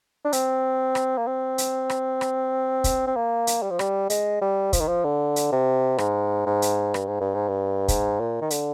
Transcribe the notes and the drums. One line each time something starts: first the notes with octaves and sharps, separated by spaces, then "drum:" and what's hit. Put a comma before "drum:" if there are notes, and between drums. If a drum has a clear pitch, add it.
D4
C4, drum: hi-hat
drum: rim click
A#3
C4
drum: hi-hat
drum: rim click
drum: rim click
drum: kick, hi-hat
C4
A#3
drum: hi-hat
G3
F3
G3, drum: rim click
G#3, drum: hi-hat
G3
F3, drum: kick, hi-hat
D#3
F3
D3
drum: hi-hat
C3
G#2, drum: rim click
G#2
drum: hi-hat
G2, drum: rim click
G#2
G2
G#2
G2
G#2, drum: kick, hi-hat
A#2
D#3
D3, drum: hi-hat